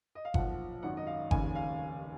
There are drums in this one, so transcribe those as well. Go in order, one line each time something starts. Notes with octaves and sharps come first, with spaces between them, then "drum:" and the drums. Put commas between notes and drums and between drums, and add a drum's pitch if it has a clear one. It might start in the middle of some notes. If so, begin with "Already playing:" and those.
D#5
F5
B1 A#2 F3 F#5, drum: kick G1
G#1 F#2 D#3 F#5
D#5
F5
F1 D#2 C#3 G#5, drum: kick G1
F5